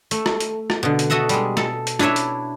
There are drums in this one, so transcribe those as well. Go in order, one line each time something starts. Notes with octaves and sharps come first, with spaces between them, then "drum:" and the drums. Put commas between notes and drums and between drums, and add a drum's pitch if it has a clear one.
A3, drum: hi-hat
drum: rim click
drum: hi-hat
drum: rim click
B2 D3
drum: hi-hat
F#4 A4 D#5 E5 F#5
G3 G#3, drum: hi-hat
A4, drum: rim click
drum: hi-hat
D4 E4 B4 C#5 E5, drum: rim click
drum: hi-hat